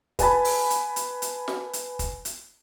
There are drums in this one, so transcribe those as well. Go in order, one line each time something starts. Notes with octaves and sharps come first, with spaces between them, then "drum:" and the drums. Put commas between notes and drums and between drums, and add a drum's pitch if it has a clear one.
B4 G#5 A5 B5, drum: kick, hi-hat
drum: open hi-hat
drum: hi-hat
drum: hi-hat
drum: hi-hat
drum: snare
drum: hi-hat
drum: kick, hi-hat
drum: hi-hat